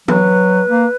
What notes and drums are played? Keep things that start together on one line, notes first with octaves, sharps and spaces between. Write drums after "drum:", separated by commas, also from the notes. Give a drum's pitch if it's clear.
F#3 B4, drum: tom E3
A#3